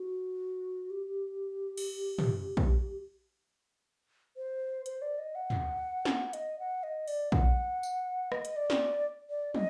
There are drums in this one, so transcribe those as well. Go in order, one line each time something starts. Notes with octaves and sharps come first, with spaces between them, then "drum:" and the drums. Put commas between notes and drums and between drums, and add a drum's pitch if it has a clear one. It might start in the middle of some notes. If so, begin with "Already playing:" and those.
Already playing: F#4
G4
drum: cymbal
drum: tom
drum: kick
C5
C5, drum: hi-hat
D5
D#5
F#5
drum: tom
drum: snare
D#5, drum: hi-hat
F#5
D#5
D5, drum: open hi-hat
F#5, drum: kick
drum: tambourine
D#5, drum: rim click
drum: hi-hat
D5
drum: snare
D5
D#5, drum: tom